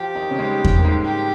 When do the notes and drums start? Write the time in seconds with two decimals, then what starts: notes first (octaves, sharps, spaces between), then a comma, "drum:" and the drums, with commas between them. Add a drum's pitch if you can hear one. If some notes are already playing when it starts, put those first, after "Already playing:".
Already playing: F3 F4 G4
0.15 D#3 D#4
0.31 C#3 C#4
0.39 G#3
0.45 G3
0.60 G#3
0.64 G3, drum: kick E2
0.79 A#3
0.84 G#2 G#3
1.04 G4